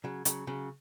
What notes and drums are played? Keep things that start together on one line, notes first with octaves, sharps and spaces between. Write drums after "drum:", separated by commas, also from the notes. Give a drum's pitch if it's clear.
C#3 F#3
C#3 F#3, drum: hi-hat
C#3 F#3